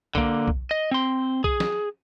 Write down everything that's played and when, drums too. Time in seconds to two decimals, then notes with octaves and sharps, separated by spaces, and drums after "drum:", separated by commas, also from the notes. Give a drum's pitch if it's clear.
0.15 D3 A#3, drum: kick B1
0.48 drum: kick B1
0.71 D#5
0.91 C4 C6
1.44 G#4, drum: kick B1
1.60 drum: snare